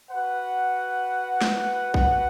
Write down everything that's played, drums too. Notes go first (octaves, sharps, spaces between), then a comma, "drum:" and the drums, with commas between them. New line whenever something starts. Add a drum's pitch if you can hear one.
F#4 B4 F#5
drum: snare
drum: kick A#1